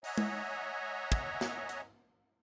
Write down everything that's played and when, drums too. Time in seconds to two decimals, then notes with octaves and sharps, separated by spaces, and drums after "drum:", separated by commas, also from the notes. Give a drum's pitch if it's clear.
0.04 C#5 D#5 E5 F#5 G#5 A#5, drum: open hi-hat
0.18 drum: tom G#3
1.12 drum: kick
1.41 drum: snare
1.69 drum: hi-hat